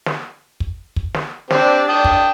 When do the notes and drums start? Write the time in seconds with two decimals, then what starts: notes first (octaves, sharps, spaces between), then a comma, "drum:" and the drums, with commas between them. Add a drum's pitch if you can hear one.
0.06 drum: snare
0.60 drum: kick
0.96 drum: kick
1.14 drum: snare
1.50 C4 D4 G4 C5 D5, drum: snare
1.89 G5 A5 D#6
2.05 drum: kick